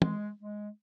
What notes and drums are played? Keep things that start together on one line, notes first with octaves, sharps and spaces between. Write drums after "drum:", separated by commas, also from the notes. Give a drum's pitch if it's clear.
G#3, drum: tom
G#3